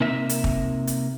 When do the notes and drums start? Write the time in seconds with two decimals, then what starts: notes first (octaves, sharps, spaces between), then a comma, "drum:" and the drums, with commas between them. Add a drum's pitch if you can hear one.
0.01 C3 A#3 D#4 A#4 E5
0.29 drum: hi-hat
0.44 drum: kick
0.87 drum: hi-hat